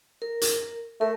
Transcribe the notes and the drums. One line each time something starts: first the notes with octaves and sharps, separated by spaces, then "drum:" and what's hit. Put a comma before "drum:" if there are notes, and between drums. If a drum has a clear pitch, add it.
A#4
drum: hi-hat
A3 A#4